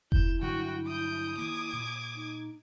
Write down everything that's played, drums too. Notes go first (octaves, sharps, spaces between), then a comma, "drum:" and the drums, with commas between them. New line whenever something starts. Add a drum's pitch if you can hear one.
E4 G6 E7, drum: kick F1
G2 D3 F#3 F#4 G5
D#6 G6 D7
D#3 A#3 D6 G#6
A#2
D#4